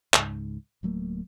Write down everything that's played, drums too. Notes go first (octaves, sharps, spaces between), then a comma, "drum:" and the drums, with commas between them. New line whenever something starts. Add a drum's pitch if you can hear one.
C#2 G#2, drum: clap
D1 F#3 A3 A#3